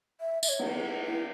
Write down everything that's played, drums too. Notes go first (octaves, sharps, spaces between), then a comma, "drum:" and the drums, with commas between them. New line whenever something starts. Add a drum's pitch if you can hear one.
E5
E5, drum: tambourine
C#5
drum: cymbal
E4